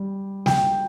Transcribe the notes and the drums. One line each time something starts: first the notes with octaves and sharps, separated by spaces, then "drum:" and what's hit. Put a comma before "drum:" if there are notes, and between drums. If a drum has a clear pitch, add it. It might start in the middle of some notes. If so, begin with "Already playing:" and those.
Already playing: G3
G5, drum: snare